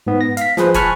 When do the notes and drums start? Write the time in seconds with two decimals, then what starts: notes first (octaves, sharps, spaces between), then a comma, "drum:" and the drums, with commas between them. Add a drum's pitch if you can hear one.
0.07 G#2 B3
0.21 A#6
0.37 F5 B6, drum: hi-hat
0.57 F3 G#4 B4 C5, drum: snare
0.74 G#5 A5 B5 C#6 F6 F#6, drum: kick, hi-hat